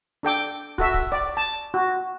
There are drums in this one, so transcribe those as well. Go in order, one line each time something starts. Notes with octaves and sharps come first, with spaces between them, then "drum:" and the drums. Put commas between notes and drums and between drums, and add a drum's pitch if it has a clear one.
D4 A4 G5 D6
F#4 A4 E5, drum: kick
drum: kick
D5
A5
F#4